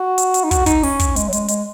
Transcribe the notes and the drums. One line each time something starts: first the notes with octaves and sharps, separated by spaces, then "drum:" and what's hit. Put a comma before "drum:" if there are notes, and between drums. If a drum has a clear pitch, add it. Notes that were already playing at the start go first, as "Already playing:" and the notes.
Already playing: F#4
drum: hi-hat
drum: hi-hat
D#4
F#4, drum: kick, hi-hat
D#4, drum: kick, hi-hat
C#4, drum: open hi-hat
drum: kick, hi-hat
G#3, drum: hi-hat
F#3
G#3, drum: hi-hat
G#3, drum: hi-hat